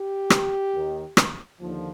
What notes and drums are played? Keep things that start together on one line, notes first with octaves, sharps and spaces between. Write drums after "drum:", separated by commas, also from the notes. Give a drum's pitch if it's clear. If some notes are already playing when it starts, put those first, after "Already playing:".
Already playing: G4
drum: rim click
D#2 D#3
drum: rim click
D#2 D3 F3